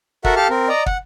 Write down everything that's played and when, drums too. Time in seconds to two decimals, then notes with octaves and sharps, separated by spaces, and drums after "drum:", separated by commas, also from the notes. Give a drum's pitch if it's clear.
0.24 F#4 A4 A#4 E5 F#5, drum: kick
0.36 G4 A4 F5 A5 F6
0.50 C4 A#4
0.69 D5 D#5 A#5
0.86 F#5, drum: kick